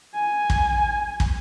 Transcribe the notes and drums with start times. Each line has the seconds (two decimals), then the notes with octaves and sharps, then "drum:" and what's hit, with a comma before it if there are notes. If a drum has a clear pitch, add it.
0.15 G#5
0.50 drum: kick
1.20 drum: kick